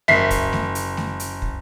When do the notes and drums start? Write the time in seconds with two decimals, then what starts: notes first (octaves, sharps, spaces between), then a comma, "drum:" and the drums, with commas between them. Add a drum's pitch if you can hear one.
0.08 F#1 E5 B6 C7, drum: snare A3
0.30 drum: kick, hi-hat
0.53 drum: snare A3
0.75 drum: hi-hat
0.97 drum: snare A3
1.20 drum: hi-hat
1.42 drum: kick